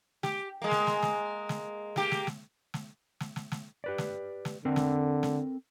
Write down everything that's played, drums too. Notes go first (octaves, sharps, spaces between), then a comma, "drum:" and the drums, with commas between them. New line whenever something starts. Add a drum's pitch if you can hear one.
G4, drum: snare
G#3 A#3
drum: snare
drum: snare
drum: snare
drum: snare
A#3 G4, drum: snare
drum: snare
drum: snare
drum: snare
drum: snare
drum: snare
drum: snare
G4 B4 D5
drum: snare
drum: snare
D3 C4 A4 A#4
drum: snare
drum: snare